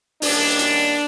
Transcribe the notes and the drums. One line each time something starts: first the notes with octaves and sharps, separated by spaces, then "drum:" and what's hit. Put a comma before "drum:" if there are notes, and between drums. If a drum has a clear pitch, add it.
D#3 G3 A#3 C#4 D4, drum: open hi-hat
drum: hi-hat